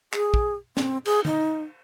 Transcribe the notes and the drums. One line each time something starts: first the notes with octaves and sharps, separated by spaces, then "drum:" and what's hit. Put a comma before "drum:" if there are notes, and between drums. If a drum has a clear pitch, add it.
G#4, drum: clap
drum: kick
C4, drum: snare
G#4, drum: cymbal
D#4, drum: tom D3